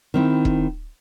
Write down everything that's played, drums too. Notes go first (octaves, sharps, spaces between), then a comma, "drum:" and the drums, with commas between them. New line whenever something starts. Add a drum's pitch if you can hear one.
D#3 C4 E4
drum: kick E1